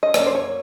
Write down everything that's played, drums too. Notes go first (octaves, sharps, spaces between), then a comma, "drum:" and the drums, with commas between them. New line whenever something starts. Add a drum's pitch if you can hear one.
D#5
F#3 A#3 C#4 D5, drum: rim click
C5
C#5